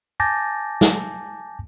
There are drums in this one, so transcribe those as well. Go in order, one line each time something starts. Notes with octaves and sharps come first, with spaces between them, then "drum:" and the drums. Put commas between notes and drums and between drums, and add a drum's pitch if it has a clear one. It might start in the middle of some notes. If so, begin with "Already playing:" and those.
G#5 A5 D6 G6 A6 A#6
drum: snare